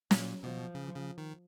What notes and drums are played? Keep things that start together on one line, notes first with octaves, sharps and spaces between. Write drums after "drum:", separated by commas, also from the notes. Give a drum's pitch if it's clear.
A#2 F#3, drum: snare
B2 F3
C#3
C#3
D#3